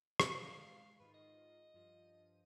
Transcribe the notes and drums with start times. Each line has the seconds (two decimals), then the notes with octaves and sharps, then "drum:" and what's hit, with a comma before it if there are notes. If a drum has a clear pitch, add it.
0.20 D2 A#3, drum: rim click
0.44 G#3 F5
1.00 G#2 D#3 F4 B4
1.14 D#5
1.74 G2 F3 D#7